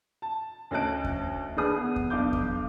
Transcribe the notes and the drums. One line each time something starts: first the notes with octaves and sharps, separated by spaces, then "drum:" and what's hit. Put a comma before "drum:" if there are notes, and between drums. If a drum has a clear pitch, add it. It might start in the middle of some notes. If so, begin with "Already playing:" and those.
A5
D2 C#4 D#5 A5 F#6 D7
drum: kick E2
D#2 D4 G#4 B4 D#6
B3
drum: kick E2
B1 D4 F5 D6 G6
drum: kick E2